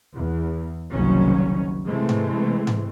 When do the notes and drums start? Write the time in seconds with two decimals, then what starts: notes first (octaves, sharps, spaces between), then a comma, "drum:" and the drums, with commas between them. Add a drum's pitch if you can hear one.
0.15 E2
0.92 F#1 C2 D#3 F#3 C#4
1.87 C3 E3 G#3 A3 C4
2.09 drum: tom G#2
2.67 drum: tom G#2